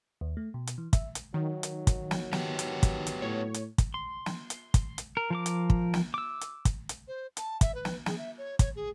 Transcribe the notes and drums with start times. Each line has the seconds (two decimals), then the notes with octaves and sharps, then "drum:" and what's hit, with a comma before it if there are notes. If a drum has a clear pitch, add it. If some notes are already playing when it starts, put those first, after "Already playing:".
0.21 D#2
0.37 A3
0.54 B2
0.67 drum: hi-hat
0.78 E3
0.93 E5, drum: kick, hi-hat
1.15 drum: hi-hat
1.34 D#3 F#3
1.63 drum: hi-hat
1.87 drum: kick, hi-hat
2.11 drum: snare
2.33 B3 G4, drum: snare
2.59 drum: hi-hat
2.83 drum: kick, hi-hat
3.07 drum: hi-hat
3.22 A2 C#5
3.54 drum: hi-hat
3.78 drum: kick, hi-hat
3.94 C6
4.26 drum: snare
4.50 drum: hi-hat
4.74 drum: kick, hi-hat
4.98 drum: hi-hat
5.17 A#4
5.30 F3 A#4 D6
5.46 drum: hi-hat
5.70 drum: kick
5.94 drum: snare
6.14 D6 E6
6.41 drum: hi-hat
6.65 drum: kick, hi-hat
6.89 drum: hi-hat
7.07 C5
7.37 A5, drum: hi-hat
7.61 E5, drum: kick, hi-hat
7.74 B4
7.85 drum: snare
8.06 G#4, drum: snare
8.18 E5
8.38 C#5
8.59 C#5, drum: kick, hi-hat
8.76 G#4